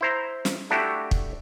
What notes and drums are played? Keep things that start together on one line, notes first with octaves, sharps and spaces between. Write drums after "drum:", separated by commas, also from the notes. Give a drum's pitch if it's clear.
E4 C5 A#5
drum: snare
A3 D4 E4 F#4 G4
drum: kick